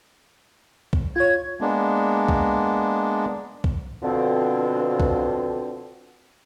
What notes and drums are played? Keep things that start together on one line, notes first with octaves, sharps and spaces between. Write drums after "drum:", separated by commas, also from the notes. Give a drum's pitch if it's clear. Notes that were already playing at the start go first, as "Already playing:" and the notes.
drum: kick B1
F4 C#5 G#6
G#3 A#3 B3 D4
drum: kick B1
drum: kick B1
B2 D3 F3 C4
drum: kick B1